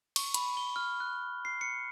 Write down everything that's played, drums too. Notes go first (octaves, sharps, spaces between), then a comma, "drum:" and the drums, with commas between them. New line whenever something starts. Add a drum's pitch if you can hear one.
C#6, drum: cymbal
B5, drum: hi-hat
G7
F6
F#6
C7
C#7